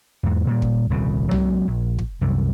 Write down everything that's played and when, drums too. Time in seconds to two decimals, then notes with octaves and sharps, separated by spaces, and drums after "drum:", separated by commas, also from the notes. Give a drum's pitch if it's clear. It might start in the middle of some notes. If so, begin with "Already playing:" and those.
0.23 E2 G#2
0.47 A#2 G3
0.62 drum: kick
0.90 D#1 C2 C#3
1.31 F#3 G#3 A#3 C4, drum: tom
1.68 A#1
1.99 drum: kick
2.21 C2 F#2 C3 G3